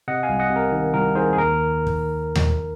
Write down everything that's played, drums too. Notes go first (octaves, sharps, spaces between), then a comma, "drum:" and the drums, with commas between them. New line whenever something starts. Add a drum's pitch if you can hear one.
C3 D#5 F#5
F5 G#5
C2
D#5 F#5
C3
A#4
D#3
C2 A#4
D#3 G#4 C5
G#4
D#2 A#4
drum: kick
drum: tom D#2